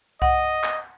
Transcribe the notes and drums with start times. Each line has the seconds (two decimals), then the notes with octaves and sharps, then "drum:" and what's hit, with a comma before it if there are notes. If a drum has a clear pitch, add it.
0.22 D#5 F#5, drum: kick C2
0.64 drum: clap